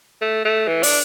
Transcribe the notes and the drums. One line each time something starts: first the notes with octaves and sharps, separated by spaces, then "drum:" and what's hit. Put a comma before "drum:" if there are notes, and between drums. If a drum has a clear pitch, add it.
A3
A3
E3
D4, drum: open hi-hat